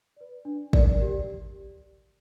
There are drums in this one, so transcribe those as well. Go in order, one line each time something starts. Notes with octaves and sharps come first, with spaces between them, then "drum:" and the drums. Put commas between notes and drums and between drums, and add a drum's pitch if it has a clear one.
B4 D5
D4
A#4 D5, drum: kick
G4